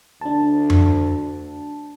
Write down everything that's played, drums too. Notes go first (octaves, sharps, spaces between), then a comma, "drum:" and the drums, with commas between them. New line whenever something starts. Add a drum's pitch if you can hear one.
D2 D4 A5
drum: tom F2